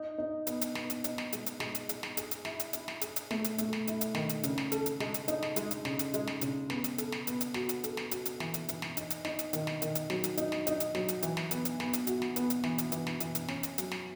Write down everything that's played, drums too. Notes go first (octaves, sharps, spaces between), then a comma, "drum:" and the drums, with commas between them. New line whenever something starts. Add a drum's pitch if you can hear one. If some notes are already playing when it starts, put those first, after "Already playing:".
Already playing: D#4
D#4
B3, drum: hi-hat
drum: hi-hat
B3, drum: snare
drum: hi-hat
D#4, drum: hi-hat
drum: snare
G#3, drum: hi-hat
drum: hi-hat
G#3, drum: snare
drum: hi-hat
G#3, drum: hi-hat
drum: snare
G#4, drum: hi-hat
drum: hi-hat
E4, drum: snare
drum: hi-hat
E4, drum: hi-hat
drum: snare
G#4, drum: hi-hat
drum: hi-hat
A3, drum: snare
drum: hi-hat
A3, drum: hi-hat
drum: snare
E4, drum: hi-hat
drum: hi-hat
D#3, drum: snare
drum: hi-hat
C#3, drum: hi-hat
drum: snare
A4, drum: hi-hat
drum: hi-hat
G#3, drum: snare
drum: hi-hat
D#4, drum: hi-hat
drum: snare
G#3, drum: hi-hat
drum: hi-hat
C#3, drum: snare
drum: hi-hat
G#3, drum: hi-hat
drum: snare
C#3, drum: hi-hat
B3, drum: snare
drum: hi-hat
A4, drum: hi-hat
drum: snare
B3, drum: hi-hat
drum: hi-hat
F#4, drum: snare
drum: hi-hat
A4, drum: hi-hat
drum: snare
F#4, drum: hi-hat
drum: hi-hat
E3, drum: snare
drum: hi-hat
E3, drum: hi-hat
drum: snare
D#4, drum: hi-hat
drum: hi-hat
D#4, drum: snare
drum: hi-hat
D#3, drum: hi-hat
drum: snare
D#3, drum: hi-hat
drum: hi-hat
F#3, drum: snare
drum: hi-hat
D#4, drum: hi-hat
drum: snare
D#4, drum: hi-hat
drum: hi-hat
F#3, drum: snare
drum: hi-hat
E3, drum: hi-hat
drum: snare
B3, drum: hi-hat
drum: hi-hat
B3, drum: snare
drum: hi-hat
F#4, drum: hi-hat
drum: snare
B3, drum: hi-hat
drum: hi-hat
E3, drum: snare
drum: hi-hat
E3, drum: hi-hat
drum: snare
E3, drum: hi-hat
drum: hi-hat
C#4, drum: snare
drum: hi-hat
F#3, drum: hi-hat
drum: snare